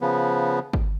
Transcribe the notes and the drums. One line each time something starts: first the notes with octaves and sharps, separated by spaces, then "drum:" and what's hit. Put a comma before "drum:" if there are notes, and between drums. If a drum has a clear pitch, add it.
C#3 F3 B3
drum: kick